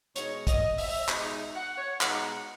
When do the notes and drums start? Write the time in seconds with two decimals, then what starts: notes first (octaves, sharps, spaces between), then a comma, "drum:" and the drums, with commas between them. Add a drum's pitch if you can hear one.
0.16 B2 G#3 D#4 C#5, drum: hi-hat
0.47 D#5, drum: kick, hi-hat
0.78 E5, drum: open hi-hat
1.09 B2 G#3 D#4, drum: clap
1.32 E5
1.55 F#5
1.78 C#5
2.01 B2 G#3 D#4 F#5, drum: clap
2.25 F#5